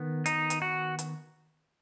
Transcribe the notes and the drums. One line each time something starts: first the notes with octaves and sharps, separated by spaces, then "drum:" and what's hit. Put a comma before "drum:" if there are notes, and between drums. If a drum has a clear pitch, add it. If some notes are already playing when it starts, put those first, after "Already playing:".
Already playing: D#3 B3
D#4, drum: hi-hat
drum: hi-hat
F#4
drum: hi-hat